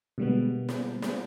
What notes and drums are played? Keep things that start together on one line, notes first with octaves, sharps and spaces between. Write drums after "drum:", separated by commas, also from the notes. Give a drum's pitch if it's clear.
B2 D3 G3 G#3 A#3 B3
drum: snare
drum: snare